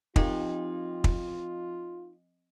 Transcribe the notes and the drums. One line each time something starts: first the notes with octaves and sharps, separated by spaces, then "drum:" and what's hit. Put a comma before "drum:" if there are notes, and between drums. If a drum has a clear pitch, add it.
F3 C4 D#4 F4 G4 D#5, drum: kick
drum: kick